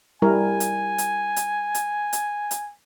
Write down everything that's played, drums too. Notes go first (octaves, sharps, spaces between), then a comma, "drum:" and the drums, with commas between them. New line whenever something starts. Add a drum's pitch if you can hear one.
G3 E4 A#4 G#5
drum: hi-hat
drum: hi-hat
drum: hi-hat
drum: hi-hat
drum: hi-hat
drum: hi-hat